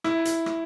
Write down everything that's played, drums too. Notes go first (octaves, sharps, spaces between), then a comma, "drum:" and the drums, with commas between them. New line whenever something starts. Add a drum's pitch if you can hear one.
E4, drum: rim click
drum: hi-hat
drum: rim click